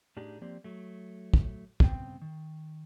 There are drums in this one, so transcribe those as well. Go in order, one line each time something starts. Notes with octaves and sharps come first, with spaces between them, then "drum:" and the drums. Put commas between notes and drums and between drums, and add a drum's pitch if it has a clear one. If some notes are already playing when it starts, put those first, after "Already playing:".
A2 D4 D#4 G4 G#4
F3 A#3 C4 G4 D5
F#3 A3
drum: kick
G2 C#3 B3 C4 G5, drum: kick
D#3